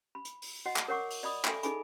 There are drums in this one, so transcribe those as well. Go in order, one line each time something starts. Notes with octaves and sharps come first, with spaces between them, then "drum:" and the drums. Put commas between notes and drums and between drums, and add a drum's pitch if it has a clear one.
B5
drum: hi-hat
drum: open hi-hat
F#4 D#5 F#5
drum: clap
A#4 C#5 F#5 C#6 D6
drum: open hi-hat
D5 D#5 B5 D#6
A4 E5 G#5 B5, drum: clap
D#4 G#4 A4 G#5 B5, drum: hi-hat